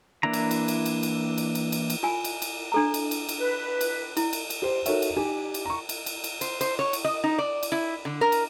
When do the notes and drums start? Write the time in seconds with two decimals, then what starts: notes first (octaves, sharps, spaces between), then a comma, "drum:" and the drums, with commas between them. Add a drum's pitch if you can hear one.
0.23 E3 A#3 D4 E4 A#5
0.33 drum: cymbal
0.51 drum: cymbal
0.68 drum: cymbal
0.86 drum: cymbal
1.03 drum: cymbal
1.38 drum: cymbal
1.55 drum: cymbal
1.72 drum: cymbal
1.90 drum: cymbal
2.03 F4 G#5
2.24 drum: cymbal
2.42 drum: cymbal
2.72 D4 A4 A#5
2.94 drum: cymbal
3.11 drum: cymbal
3.29 drum: cymbal
3.38 B4
3.81 drum: cymbal
4.17 E4, drum: cymbal
4.33 drum: cymbal
4.50 drum: cymbal
4.62 G4 C5
4.86 D#4 F#4 A4 A#4 C#5 E5, drum: cymbal
5.02 drum: cymbal
5.16 D#4 G4 G#5
5.54 drum: cymbal
5.65 A#5 C#6
5.89 drum: cymbal
6.06 drum: cymbal
6.24 drum: cymbal
6.41 C5, drum: cymbal
6.61 C5, drum: cymbal
6.79 C#5
6.93 drum: cymbal
7.05 D#5
7.24 D#4
7.38 D5
7.63 drum: cymbal
7.72 E4
8.05 D3
8.21 A#4
8.32 drum: cymbal